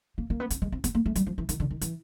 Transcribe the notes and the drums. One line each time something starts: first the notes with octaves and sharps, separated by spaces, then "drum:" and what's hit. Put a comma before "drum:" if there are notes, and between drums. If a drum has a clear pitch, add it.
A#3
A#3
B3
C4, drum: hi-hat
G#3
C4
B3, drum: kick, hi-hat
A#3
A3
G3, drum: hi-hat
F3
E3
D#3, drum: hi-hat
D3
D#3
E3, drum: hi-hat